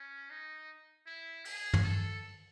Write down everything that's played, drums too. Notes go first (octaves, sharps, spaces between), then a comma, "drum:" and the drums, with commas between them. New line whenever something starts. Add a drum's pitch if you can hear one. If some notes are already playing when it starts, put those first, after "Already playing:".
Already playing: C#4
D#4
E4
G#4, drum: open hi-hat
drum: tom
A4